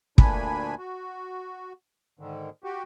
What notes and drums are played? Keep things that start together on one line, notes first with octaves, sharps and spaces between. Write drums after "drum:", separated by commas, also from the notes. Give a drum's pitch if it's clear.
D2 A#2 D4 G#5 B5, drum: kick
F#4
G#2 D3 D#3
F#4 G4